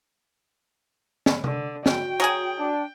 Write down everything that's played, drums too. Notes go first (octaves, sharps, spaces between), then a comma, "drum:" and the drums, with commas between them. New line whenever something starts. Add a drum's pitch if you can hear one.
drum: snare
D3, drum: tom C3
F#4 G5, drum: snare
F#3 G#4 G#5
D4